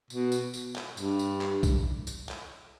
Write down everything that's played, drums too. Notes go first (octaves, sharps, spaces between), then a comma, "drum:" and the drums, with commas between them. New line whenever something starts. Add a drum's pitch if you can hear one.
B2, drum: tambourine
drum: tambourine
drum: tambourine
drum: clap
G2, drum: tambourine
drum: tambourine
drum: clap
drum: kick, tambourine
drum: tambourine
drum: clap